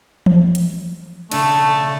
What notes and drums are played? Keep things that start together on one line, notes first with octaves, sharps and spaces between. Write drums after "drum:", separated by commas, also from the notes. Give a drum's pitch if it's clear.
drum: tom E3
drum: hi-hat
C#3 A3 D4, drum: cymbal